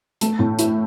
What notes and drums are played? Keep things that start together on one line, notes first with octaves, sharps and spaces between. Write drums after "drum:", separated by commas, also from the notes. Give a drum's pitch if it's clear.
A3, drum: hi-hat
A2
E4, drum: hi-hat